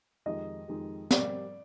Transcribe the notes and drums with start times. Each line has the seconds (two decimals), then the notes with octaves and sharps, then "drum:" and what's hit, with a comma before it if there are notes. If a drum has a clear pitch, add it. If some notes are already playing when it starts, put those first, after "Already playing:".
0.26 F2 D#3 G#3 D#4 G4 D#5
0.68 F2 D#3 G#3 D#4 G4
1.11 G3 C4 G4 A#4 D5, drum: snare